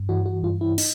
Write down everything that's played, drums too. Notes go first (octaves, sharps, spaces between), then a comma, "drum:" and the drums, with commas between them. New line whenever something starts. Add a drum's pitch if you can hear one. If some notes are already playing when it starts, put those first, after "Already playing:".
Already playing: G2
E3 F#4
F#4
G2 F4
E4
D#4, drum: cymbal